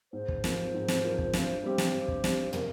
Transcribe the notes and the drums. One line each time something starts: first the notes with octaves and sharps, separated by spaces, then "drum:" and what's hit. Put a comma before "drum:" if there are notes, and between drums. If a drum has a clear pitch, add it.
G#2 C5
drum: kick
F3 C4 F4 A#4, drum: snare
G#2
drum: snare
F3 C4 F4 A#4
drum: kick
G2, drum: snare
G3 C4 G4
drum: snare
G2
drum: kick
G3 C4 G4, drum: snare
C3 A#4, drum: tom